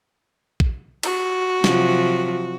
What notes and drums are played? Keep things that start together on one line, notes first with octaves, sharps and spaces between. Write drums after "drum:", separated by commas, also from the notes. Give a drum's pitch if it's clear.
drum: kick A#1
F#4, drum: cymbal
C3 F3 F#3, drum: snare